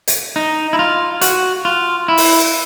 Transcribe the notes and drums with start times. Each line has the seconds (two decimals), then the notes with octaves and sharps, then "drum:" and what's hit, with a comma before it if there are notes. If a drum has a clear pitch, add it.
0.08 drum: hi-hat
0.36 D#4
0.73 E4
0.79 F4
1.21 F#4, drum: hi-hat
1.65 F4
2.08 E4
2.17 drum: open hi-hat